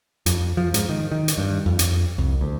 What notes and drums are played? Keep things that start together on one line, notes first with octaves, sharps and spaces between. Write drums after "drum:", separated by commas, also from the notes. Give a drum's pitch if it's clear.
F2, drum: hi-hat
F3
G#2, drum: hi-hat
D#3
D#3
drum: hi-hat
G2
F2
drum: hi-hat
C2
D2